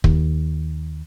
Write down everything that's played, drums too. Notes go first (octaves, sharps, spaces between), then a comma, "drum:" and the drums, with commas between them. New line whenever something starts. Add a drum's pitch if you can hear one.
D#2, drum: kick